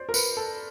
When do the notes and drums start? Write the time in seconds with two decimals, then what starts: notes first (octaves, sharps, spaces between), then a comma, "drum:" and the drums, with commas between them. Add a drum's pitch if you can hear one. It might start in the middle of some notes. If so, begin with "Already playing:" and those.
Already playing: C5 D5
0.09 A#4
0.14 B4, drum: tambourine
0.37 A4